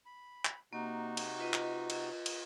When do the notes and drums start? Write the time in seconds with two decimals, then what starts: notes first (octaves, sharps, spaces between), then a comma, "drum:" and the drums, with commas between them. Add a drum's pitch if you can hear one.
0.06 B5
0.45 drum: clap
0.73 C3 A#3 D#4 F#4
1.17 drum: cymbal
1.39 F4 B4 D#5
1.53 drum: clap
1.90 drum: cymbal
2.26 D#6, drum: cymbal